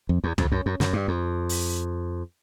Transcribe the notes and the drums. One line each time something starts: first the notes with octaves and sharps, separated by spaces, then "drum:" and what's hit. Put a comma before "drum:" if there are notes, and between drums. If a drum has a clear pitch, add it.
F2
E2
F2, drum: tom
F#2
F#2
F#2, drum: snare
G2
F2
drum: open hi-hat